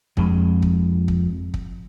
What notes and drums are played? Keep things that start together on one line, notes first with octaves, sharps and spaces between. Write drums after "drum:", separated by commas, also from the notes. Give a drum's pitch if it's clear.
F2 G#3, drum: kick
drum: kick
drum: kick
drum: kick